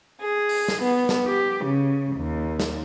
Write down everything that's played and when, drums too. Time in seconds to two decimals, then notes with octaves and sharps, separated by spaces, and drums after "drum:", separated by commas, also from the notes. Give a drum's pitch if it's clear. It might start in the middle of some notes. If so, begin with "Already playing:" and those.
0.21 G#4
0.49 drum: open hi-hat
0.68 drum: snare
0.82 B3
1.09 drum: snare
1.27 G4
1.64 C#3
2.16 D#2
2.60 drum: snare